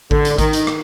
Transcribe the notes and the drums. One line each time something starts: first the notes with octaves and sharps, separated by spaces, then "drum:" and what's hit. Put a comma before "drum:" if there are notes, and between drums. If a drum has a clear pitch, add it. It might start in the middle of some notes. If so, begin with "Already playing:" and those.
D3, drum: kick A1
drum: hi-hat
D#3, drum: kick A1, hi-hat
drum: hi-hat
drum: rim click